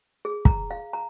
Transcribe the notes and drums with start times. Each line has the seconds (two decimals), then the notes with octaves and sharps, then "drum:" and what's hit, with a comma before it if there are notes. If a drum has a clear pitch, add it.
0.25 G#4
0.45 A#5, drum: kick
0.71 F5
0.93 A#5